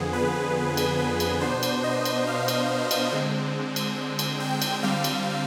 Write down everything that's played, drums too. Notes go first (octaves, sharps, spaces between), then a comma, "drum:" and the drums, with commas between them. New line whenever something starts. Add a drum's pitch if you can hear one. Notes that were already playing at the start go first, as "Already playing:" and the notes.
Already playing: F2 D3 F3 B3 G#4
B4
drum: cymbal
B4
drum: cymbal
B2 B3 D4 C5
drum: cymbal
D#5
drum: cymbal
F5
drum: cymbal
drum: cymbal
D3 G#3 C4
drum: cymbal
drum: cymbal
G5
drum: cymbal
D3 G3 C4 F5
drum: cymbal